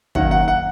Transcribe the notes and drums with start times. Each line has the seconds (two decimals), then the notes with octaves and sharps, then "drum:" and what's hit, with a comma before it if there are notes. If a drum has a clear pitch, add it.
0.15 F#2 D#3 F#3 A#3 F#5, drum: kick
0.31 F#5
0.48 F#5